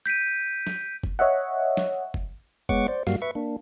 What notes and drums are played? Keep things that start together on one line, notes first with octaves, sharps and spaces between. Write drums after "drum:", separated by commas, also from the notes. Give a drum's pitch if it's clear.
G6 B6 D7 D#7
drum: snare
drum: kick
C#5 D#5 E5 F#5
drum: snare
drum: kick
G#3 B3 C#5 F#5 C#6 D6, drum: kick
C5 D5
G2 G3 A#3 F#4 F5, drum: snare
B4 E5 C#6
A#3 D4